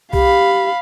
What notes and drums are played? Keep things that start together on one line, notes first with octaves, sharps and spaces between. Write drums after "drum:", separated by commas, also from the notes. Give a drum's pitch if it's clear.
G4 F5 B5, drum: kick B1